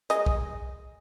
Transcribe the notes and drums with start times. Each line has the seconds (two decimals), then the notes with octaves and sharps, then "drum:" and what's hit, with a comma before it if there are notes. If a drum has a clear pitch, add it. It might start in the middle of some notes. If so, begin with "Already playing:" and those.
0.10 G#3 D#5, drum: hi-hat
0.26 drum: kick B1